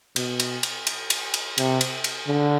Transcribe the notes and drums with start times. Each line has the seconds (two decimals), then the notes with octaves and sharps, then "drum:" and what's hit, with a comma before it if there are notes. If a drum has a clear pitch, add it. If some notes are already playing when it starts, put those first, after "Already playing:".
0.16 B2, drum: cymbal
0.40 drum: cymbal
0.63 drum: cymbal
0.87 drum: cymbal
1.10 drum: cymbal
1.34 drum: cymbal
1.58 C3, drum: cymbal
1.81 drum: cymbal
2.04 drum: cymbal
2.27 D3